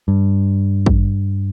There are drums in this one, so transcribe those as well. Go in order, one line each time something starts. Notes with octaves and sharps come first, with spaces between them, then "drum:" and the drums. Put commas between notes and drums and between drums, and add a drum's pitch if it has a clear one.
G2
drum: kick